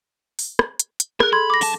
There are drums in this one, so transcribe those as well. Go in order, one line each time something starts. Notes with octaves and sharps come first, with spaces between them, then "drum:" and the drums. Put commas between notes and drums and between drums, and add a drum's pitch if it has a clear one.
drum: open hi-hat
drum: rim click
drum: hi-hat
drum: hi-hat
G#4 A#4 F#6, drum: rim click
A4 B5 C6 G#6
D6 A#6
F#2 A5, drum: open hi-hat